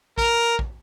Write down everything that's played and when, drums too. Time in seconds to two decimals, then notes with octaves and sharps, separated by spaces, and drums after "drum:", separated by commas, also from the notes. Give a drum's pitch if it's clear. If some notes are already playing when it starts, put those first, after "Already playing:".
0.18 A#4, drum: kick
0.59 drum: kick